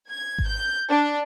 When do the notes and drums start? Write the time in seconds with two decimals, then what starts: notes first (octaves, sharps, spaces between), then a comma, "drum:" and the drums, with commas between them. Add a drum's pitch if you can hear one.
0.10 G#6
0.38 drum: kick G#1
0.48 G6
0.89 D4